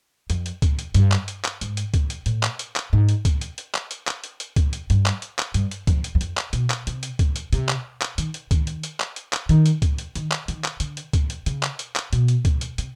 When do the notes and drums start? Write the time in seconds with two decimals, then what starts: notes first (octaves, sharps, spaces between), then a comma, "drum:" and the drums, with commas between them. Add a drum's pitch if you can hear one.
0.30 F2, drum: hi-hat
0.46 drum: hi-hat
0.62 drum: kick, hi-hat
0.79 drum: hi-hat
0.94 G2, drum: hi-hat
1.11 drum: clap
1.28 drum: hi-hat
1.44 drum: clap
1.61 G#2, drum: hi-hat
1.77 drum: hi-hat
1.94 drum: kick, hi-hat
2.10 drum: hi-hat
2.26 A2, drum: hi-hat
2.43 drum: clap
2.59 drum: hi-hat
2.76 drum: clap
2.93 G#2
3.09 drum: hi-hat
3.25 drum: kick, hi-hat
3.41 drum: hi-hat
3.58 drum: hi-hat
3.74 drum: clap
3.91 drum: hi-hat
4.07 drum: clap
4.24 drum: hi-hat
4.40 drum: hi-hat
4.56 drum: kick, hi-hat
4.73 drum: hi-hat
4.90 G2, drum: hi-hat
5.06 drum: clap
5.22 drum: hi-hat
5.39 drum: clap
5.54 G2, drum: hi-hat
5.71 drum: hi-hat
5.87 F2, drum: kick, hi-hat
6.04 drum: hi-hat
6.15 E2
6.21 F2, drum: hi-hat
6.37 drum: clap
6.53 B2, drum: hi-hat
6.70 drum: clap
6.87 C3, drum: hi-hat
7.03 drum: hi-hat
7.19 drum: kick, hi-hat
7.36 drum: hi-hat
7.53 C3, drum: hi-hat
7.69 drum: clap
8.01 drum: clap
8.18 D#3, drum: hi-hat
8.34 drum: hi-hat
8.51 D#3, drum: kick, hi-hat
8.67 drum: hi-hat
8.83 drum: hi-hat
9.00 drum: clap
9.16 drum: hi-hat
9.33 drum: clap
9.49 D#3, drum: hi-hat
9.66 drum: hi-hat
9.82 drum: kick, hi-hat
9.98 drum: hi-hat
10.15 D#3, drum: hi-hat
10.31 drum: clap
10.48 D#3, drum: hi-hat
10.64 drum: clap
10.80 D3, drum: hi-hat
10.97 drum: hi-hat
11.13 drum: kick, hi-hat
11.30 drum: hi-hat
11.46 C#3, drum: hi-hat
11.63 drum: clap
11.79 drum: hi-hat
11.96 drum: clap
12.13 B2, drum: hi-hat
12.28 drum: hi-hat
12.45 drum: kick, hi-hat
12.61 drum: hi-hat
12.78 C3, drum: hi-hat